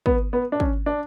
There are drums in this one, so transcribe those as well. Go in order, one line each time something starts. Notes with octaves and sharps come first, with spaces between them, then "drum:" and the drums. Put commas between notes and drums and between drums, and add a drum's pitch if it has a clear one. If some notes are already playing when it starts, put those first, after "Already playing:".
B3, drum: kick
B3
D4
C#4, drum: kick
D4